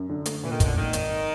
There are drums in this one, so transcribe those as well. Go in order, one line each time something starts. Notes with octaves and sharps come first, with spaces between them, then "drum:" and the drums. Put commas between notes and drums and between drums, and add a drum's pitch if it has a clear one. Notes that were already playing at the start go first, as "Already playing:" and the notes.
Already playing: F#2
D3
A3, drum: hi-hat
A#2 E3
D#3
A#2 D3, drum: kick, hi-hat
G#1 D#3
G#1, drum: hi-hat